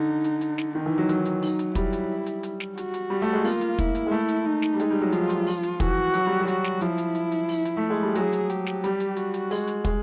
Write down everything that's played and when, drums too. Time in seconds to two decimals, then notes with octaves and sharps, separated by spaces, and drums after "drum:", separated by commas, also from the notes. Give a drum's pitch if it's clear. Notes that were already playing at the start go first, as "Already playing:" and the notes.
Already playing: D3 D#4
0.24 drum: hi-hat
0.41 drum: hi-hat
0.58 drum: snare
0.75 D#3 D#4
0.86 E3
0.98 F#3
1.09 F#3, drum: hi-hat
1.25 drum: hi-hat
1.42 D#4, drum: open hi-hat
1.59 drum: hi-hat
1.75 G3 E4, drum: kick, hi-hat
1.93 drum: hi-hat
2.26 drum: hi-hat
2.43 drum: hi-hat
2.60 drum: snare
2.78 F#4, drum: hi-hat
2.94 drum: hi-hat
3.10 G3
3.22 A3
3.33 G#3
3.44 A#3 F4, drum: open hi-hat
3.61 drum: hi-hat
3.78 E4, drum: kick, hi-hat
3.95 drum: hi-hat
4.06 G#3
4.11 A3
4.29 drum: hi-hat
4.45 D#4
4.62 drum: snare
4.74 G3
4.80 G#3, drum: hi-hat
4.90 G3
5.01 F#3
5.12 F3 F4, drum: hi-hat
5.30 drum: hi-hat
5.46 drum: open hi-hat
5.63 drum: hi-hat
5.80 E3 F#4, drum: kick, hi-hat
6.14 F#3, drum: hi-hat
6.27 G3
6.40 F#3
6.48 F#4, drum: hi-hat
6.64 drum: snare
6.81 F3 E4, drum: hi-hat
6.98 drum: hi-hat
7.15 drum: hi-hat
7.32 drum: hi-hat
7.49 drum: open hi-hat
7.65 drum: hi-hat
7.77 A3
7.90 G#3
8.03 G3
8.15 F#3 G#4, drum: hi-hat
8.33 drum: hi-hat
8.50 G4, drum: hi-hat
8.66 drum: snare
8.84 G3, drum: hi-hat
9.00 drum: hi-hat
9.17 F#4, drum: hi-hat
9.34 drum: hi-hat
9.51 G#3, drum: open hi-hat
9.67 drum: hi-hat
9.85 G#3, drum: kick, hi-hat